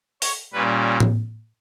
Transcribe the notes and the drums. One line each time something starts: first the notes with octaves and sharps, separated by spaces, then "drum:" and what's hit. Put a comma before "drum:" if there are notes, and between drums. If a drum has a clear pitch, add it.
C#5, drum: open hi-hat
A#2 G3 C#4 B4
drum: tom A2